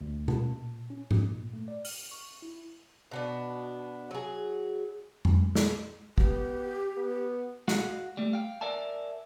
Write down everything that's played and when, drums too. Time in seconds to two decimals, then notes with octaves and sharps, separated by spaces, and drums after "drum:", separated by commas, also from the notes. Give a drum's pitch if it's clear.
0.01 D2
0.28 A5, drum: tom B2
0.50 A#2
0.90 C#4
1.11 A#2, drum: tom G#2
1.53 A3
1.68 D5
1.85 F6, drum: open hi-hat
2.11 C#6
2.42 E4
3.11 B2 B3 D4
4.11 F#3 G#4
5.25 drum: tom F2
5.55 drum: snare
6.18 B3 G4, drum: kick
6.97 B3
7.68 F#4 F5 F#5, drum: snare
8.17 G3 A3
8.33 F5 G5
8.61 A#4 D5 E5 G#5 A5